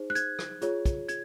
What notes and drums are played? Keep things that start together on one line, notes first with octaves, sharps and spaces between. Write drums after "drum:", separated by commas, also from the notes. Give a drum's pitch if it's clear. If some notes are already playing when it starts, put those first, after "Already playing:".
Already playing: D#4 G#4 C5
F#6
G#6, drum: hi-hat
drum: rim click
F4 G#4 C#5, drum: hi-hat
drum: kick, hi-hat
G#6, drum: hi-hat